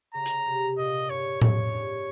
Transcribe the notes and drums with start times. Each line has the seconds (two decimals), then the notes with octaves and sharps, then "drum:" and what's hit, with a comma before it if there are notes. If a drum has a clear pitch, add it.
0.14 C#3 A#5
0.26 drum: hi-hat
0.46 C3
0.78 A#2 D#5
1.09 G2 C#5
1.42 F2 C#5, drum: tom A2
1.67 G#2
1.73 G2